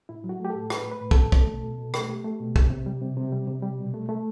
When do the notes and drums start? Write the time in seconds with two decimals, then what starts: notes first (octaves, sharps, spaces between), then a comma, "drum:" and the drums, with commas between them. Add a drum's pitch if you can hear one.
0.09 A2 E4
0.24 F#3
0.29 F#4
0.40 A3 G4
0.50 A4
0.55 A2
0.70 A2 B4, drum: rim click
0.86 A3
0.91 B4
1.01 A2
1.11 A4, drum: kick
1.17 A2
1.32 A3, drum: kick
1.48 B2
1.63 B2
1.79 B2
1.94 A3 G4, drum: rim click
2.09 A3
2.24 A3
2.40 B2
2.56 C3, drum: kick
2.71 C3
2.86 G3
3.01 C3
3.17 C3
3.32 G3
3.48 C3
3.62 G3
3.79 B2
3.94 A3
4.09 A3